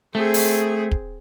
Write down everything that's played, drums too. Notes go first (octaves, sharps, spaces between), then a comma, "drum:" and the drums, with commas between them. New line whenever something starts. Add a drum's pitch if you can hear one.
A3 C4 G#4
drum: open hi-hat
drum: kick